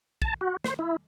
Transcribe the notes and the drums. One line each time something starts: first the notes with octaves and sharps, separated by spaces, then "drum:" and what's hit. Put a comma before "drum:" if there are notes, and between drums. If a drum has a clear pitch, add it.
A5, drum: kick
F#4
C5, drum: snare
E4